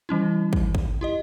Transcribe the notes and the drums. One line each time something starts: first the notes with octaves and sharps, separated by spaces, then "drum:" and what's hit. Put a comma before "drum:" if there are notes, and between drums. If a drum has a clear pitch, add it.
E3 G3 C#4 E4
drum: kick
drum: kick
E4 G4 D#5